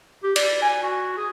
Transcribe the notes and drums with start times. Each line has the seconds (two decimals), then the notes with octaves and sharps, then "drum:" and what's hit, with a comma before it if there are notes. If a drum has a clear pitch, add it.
0.24 G4
0.36 D5, drum: cymbal
0.62 G#5
0.83 F#4
1.17 G#4